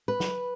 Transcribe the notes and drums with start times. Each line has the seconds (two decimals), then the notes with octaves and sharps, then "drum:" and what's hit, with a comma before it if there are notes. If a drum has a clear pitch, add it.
0.08 B4
0.20 drum: snare